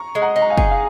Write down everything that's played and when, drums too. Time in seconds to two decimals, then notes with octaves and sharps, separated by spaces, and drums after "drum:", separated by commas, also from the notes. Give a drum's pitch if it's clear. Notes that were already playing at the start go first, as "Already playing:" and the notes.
Already playing: A#5 C#6
0.15 G#3
0.22 F#5 A#5
0.36 D#4
0.42 A#5
0.50 F5 G#5
0.57 G#4, drum: kick
0.71 F5